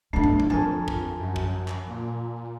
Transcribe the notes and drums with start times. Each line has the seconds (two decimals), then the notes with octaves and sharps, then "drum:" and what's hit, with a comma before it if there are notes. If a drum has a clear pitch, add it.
0.13 B1 A3 B3 C#4 D4 A5
0.24 drum: tom
0.40 drum: tom F#3
0.50 F2 F3 A#4 G#5 A5
0.88 drum: kick
1.20 F#2
1.36 drum: kick
1.68 drum: clap
1.88 A#2